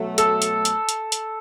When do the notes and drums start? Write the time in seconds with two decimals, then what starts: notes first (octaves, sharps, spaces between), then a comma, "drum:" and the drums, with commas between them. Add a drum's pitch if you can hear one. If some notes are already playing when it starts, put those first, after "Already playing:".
Already playing: B2 F#3 A3
0.18 A4, drum: hi-hat
0.42 drum: hi-hat
0.65 drum: hi-hat
0.89 drum: hi-hat
1.12 drum: hi-hat